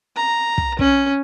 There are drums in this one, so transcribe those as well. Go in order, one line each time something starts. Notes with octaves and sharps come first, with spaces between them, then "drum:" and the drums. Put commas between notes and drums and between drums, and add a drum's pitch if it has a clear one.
A#5
drum: kick
C#4, drum: kick